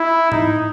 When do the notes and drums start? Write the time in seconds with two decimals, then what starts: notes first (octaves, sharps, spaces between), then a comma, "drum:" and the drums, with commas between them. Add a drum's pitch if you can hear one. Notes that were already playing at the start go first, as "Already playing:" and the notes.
Already playing: E4
0.32 D#4, drum: tom G#2